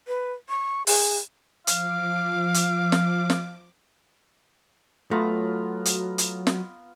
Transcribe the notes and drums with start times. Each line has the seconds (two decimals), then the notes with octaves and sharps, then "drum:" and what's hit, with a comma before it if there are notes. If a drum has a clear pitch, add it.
0.08 B4
0.49 C#6
0.87 G#4, drum: open hi-hat
1.67 F3 F5 D6, drum: hi-hat
2.54 drum: hi-hat
2.92 drum: snare
3.30 drum: snare
5.11 F#3 A3 B3 F4 A#5
5.85 drum: hi-hat
6.18 drum: hi-hat
6.47 drum: snare